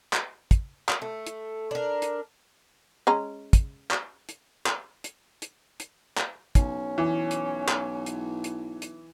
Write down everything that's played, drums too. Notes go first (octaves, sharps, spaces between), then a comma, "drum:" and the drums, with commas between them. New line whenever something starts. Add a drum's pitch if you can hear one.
drum: clap
drum: kick, hi-hat
drum: clap
A3
drum: hi-hat
D4 A#4
drum: hi-hat
G#3 C#4 A#5
drum: kick, hi-hat
drum: clap
drum: hi-hat
drum: clap
drum: hi-hat
drum: hi-hat
drum: hi-hat
drum: clap
B1 C#4, drum: kick, hi-hat
E3
drum: hi-hat
drum: clap
drum: hi-hat
drum: hi-hat
drum: hi-hat